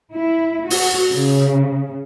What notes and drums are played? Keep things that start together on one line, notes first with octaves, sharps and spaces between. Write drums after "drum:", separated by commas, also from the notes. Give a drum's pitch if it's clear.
E4
F#4, drum: open hi-hat
C#3